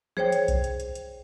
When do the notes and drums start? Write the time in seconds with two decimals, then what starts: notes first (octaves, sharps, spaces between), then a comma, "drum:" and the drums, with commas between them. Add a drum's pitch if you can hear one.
0.17 G#4 C5 C#5 G5, drum: tom E3
0.32 drum: hi-hat
0.48 drum: kick B1, hi-hat
0.64 drum: hi-hat
0.80 drum: hi-hat
0.95 drum: hi-hat